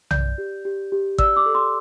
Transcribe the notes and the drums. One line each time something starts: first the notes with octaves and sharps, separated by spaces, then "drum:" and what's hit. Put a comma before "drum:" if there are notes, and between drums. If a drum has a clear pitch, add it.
D5 G6, drum: tom B1
G4
G4
G4
D5 E6, drum: kick
D6
A4
C6